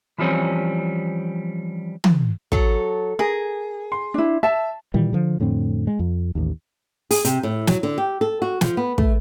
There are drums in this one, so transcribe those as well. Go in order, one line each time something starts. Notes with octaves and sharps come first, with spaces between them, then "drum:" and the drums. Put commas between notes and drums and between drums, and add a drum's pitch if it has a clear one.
E3 F3 G3 C4 C#4
drum: tom
F#3 A4, drum: kick
G#4 A#4
C6
D4 E4
E5 A5
A#2 D#3 E3 G3
D3 F3
F2 A2 D3 C4
G#3
F2
A1 D#2
G#4, drum: open hi-hat
C3, drum: hi-hat
A2
F#3, drum: snare
D3
G4
A4
F#4
F3, drum: snare
B3
A3, drum: kick